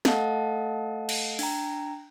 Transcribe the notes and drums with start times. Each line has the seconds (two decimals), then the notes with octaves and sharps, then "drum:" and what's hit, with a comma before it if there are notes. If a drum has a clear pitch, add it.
0.05 A3 A4 D#5 F5 F#5 A5, drum: snare
1.09 drum: cymbal
1.39 D4 G5 A#5, drum: open hi-hat